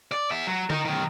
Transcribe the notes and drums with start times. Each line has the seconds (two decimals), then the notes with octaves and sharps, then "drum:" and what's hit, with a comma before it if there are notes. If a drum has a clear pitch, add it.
0.12 D5
0.31 B3 E5
0.47 F#3
0.70 D#4 A#4, drum: tom D3
0.85 B1 D#3